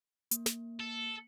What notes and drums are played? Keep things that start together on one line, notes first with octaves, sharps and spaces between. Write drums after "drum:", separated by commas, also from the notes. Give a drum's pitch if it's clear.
A#3, drum: hi-hat
drum: snare
A4